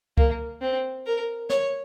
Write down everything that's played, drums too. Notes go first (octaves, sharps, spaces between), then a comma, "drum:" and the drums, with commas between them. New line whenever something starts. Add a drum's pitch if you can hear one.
A#3, drum: kick C#2
C4
A#4
C#5, drum: snare